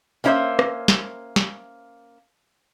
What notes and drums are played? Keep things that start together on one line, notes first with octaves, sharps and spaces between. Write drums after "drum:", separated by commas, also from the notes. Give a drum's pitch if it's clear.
A#3 C#4 E4 B4 C5 E5
drum: rim click
drum: snare
drum: snare